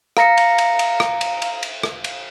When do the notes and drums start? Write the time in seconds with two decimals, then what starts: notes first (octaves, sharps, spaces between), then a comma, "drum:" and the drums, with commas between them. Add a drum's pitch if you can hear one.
0.17 F5 A#5 A#6 C#7, drum: rim click
0.37 drum: cymbal
0.58 drum: cymbal
0.79 drum: cymbal
1.00 drum: rim click
1.21 drum: cymbal
1.42 drum: cymbal
1.63 drum: cymbal
1.83 drum: rim click
2.04 drum: cymbal